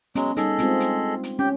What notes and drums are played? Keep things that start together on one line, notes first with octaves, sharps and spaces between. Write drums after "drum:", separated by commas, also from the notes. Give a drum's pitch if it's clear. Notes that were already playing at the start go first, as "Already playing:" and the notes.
F#3 G#3 B3 C#4, drum: hi-hat
G3 D#4 G#4 A4 D#5, drum: hi-hat
G#3 C4 F4, drum: hi-hat
drum: hi-hat
drum: hi-hat
C#4 G4 G5